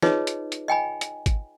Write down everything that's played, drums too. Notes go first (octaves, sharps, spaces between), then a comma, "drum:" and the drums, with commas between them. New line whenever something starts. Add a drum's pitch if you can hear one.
D#4 F4 G#4 B4 C#5 D#5, drum: snare
drum: hi-hat
drum: hi-hat
D#5 G5 G#5 B5
drum: hi-hat
drum: kick G#1, hi-hat